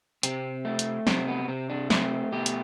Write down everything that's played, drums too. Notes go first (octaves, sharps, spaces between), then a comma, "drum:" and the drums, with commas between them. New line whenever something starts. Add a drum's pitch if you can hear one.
C3 C4, drum: hi-hat
A3
drum: hi-hat
C3 C4, drum: snare
B3
C3 C4
D4
A3 C4, drum: snare
B2 G4
drum: hi-hat